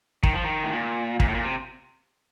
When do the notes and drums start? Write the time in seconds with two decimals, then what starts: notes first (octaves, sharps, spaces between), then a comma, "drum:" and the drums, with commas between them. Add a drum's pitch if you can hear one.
0.23 D#3, drum: kick
0.34 F3
0.44 D#3
0.63 A2
0.72 A#2
1.20 A#2, drum: kick
1.28 A2
1.35 A#2
1.44 C3